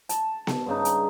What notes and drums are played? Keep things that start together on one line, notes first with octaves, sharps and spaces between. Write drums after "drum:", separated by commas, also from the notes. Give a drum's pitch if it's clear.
A5, drum: hi-hat
drum: snare B3
G2 C#3 D#4
drum: hi-hat